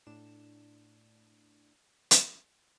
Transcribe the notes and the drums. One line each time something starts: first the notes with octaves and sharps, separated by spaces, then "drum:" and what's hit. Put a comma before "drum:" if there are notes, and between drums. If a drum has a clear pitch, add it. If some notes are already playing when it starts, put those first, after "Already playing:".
A2 D4 E7
drum: hi-hat